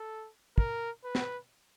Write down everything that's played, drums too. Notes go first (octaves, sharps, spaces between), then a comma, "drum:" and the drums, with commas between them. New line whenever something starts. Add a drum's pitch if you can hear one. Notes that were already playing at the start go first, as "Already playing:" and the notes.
Already playing: A4
A#4, drum: kick
B4
drum: snare